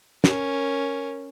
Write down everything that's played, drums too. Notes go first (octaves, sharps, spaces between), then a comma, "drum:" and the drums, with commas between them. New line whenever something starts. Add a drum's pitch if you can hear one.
C#4 A#4, drum: snare